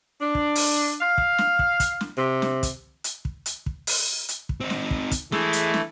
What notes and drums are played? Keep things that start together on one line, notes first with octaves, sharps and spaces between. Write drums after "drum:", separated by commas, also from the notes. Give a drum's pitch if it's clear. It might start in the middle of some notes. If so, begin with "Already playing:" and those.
D4
drum: kick
drum: open hi-hat
F5
drum: kick
drum: snare
drum: kick
drum: kick, hi-hat
drum: snare
C3
drum: snare
drum: kick, hi-hat
drum: hi-hat
drum: kick
drum: hi-hat
drum: kick
drum: open hi-hat
drum: hi-hat
drum: kick
C4 D#4
drum: snare
drum: kick
drum: kick, hi-hat
E3 G#3 A3, drum: snare
drum: hi-hat
drum: snare